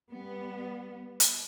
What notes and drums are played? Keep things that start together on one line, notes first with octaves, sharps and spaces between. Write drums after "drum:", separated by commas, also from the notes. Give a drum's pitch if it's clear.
G3 B3
drum: hi-hat